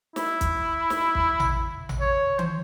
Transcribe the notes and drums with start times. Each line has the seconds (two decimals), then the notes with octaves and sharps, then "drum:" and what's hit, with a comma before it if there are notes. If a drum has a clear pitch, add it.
0.16 E4, drum: snare
0.41 drum: kick, hi-hat
0.90 drum: snare
1.15 drum: kick
1.40 drum: tom A1
1.89 drum: tom A1
2.01 C#5
2.39 C5, drum: tom D#3